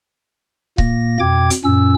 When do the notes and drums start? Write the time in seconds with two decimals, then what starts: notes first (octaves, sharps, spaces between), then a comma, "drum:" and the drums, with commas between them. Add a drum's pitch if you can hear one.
0.78 A#2 A#3 A#6, drum: kick C#1
1.20 F2 B2 G5 D6 G#6
1.50 drum: hi-hat
1.65 F#2 A#2 C#4 E6